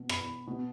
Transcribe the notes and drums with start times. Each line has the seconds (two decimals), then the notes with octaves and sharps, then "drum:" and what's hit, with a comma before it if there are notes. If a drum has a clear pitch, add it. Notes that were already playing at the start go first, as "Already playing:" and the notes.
Already playing: B2
0.09 B5, drum: rim click
0.47 B2